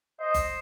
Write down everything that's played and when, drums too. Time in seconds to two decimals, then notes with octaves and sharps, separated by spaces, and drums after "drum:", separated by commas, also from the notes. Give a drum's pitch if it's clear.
0.20 C5 D#5
0.34 drum: kick F#1, hi-hat